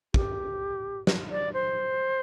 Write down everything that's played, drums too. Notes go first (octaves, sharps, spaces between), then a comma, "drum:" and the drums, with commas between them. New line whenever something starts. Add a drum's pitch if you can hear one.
G4, drum: kick
drum: snare
D5
C5